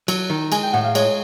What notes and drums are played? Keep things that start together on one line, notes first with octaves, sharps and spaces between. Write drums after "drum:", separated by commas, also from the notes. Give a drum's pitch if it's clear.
F#3, drum: cymbal
D#3
G#3 G#5, drum: cymbal
G5
A2 F#5
F5
G#3 C#5, drum: cymbal